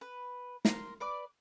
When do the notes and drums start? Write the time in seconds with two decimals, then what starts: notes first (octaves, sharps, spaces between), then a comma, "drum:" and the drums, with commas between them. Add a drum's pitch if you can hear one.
0.01 B4
0.65 A#4 C6, drum: snare
1.00 B4 D5 D6